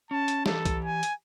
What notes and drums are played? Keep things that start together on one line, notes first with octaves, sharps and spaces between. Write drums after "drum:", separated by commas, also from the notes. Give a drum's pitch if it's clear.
C#4 A5
drum: hi-hat
E3 G4 A4, drum: snare
drum: kick C2, hi-hat
G#5
drum: hi-hat